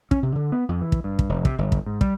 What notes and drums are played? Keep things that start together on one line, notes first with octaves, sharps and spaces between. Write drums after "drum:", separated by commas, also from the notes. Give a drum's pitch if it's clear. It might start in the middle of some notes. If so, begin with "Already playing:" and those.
C#4, drum: kick
C3
D3
B3
F2
E3
drum: kick
G2
drum: kick
F1
C3, drum: kick
G1
drum: kick
G#2
G3, drum: kick